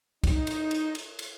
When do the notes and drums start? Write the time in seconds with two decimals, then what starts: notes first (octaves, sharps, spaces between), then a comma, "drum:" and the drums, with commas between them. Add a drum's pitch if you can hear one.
0.24 D#4, drum: kick, cymbal
0.47 drum: cymbal
0.71 drum: cymbal
0.95 drum: cymbal
1.19 drum: cymbal